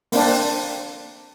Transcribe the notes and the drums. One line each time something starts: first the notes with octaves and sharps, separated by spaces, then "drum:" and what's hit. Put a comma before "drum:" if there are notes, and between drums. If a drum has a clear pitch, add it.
A#3 C4 D4, drum: open hi-hat